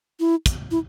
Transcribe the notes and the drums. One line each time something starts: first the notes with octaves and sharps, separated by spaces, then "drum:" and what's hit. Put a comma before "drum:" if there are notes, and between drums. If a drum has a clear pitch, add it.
E4
drum: kick, hi-hat
E4